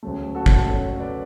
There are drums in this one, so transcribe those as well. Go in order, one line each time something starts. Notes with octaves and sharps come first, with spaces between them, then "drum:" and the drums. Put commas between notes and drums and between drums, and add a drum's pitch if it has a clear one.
D2 C#3 F#3 A3
F#4 A4
drum: kick
D2 C#3 F#3 A3 A4 C#5
B4 D5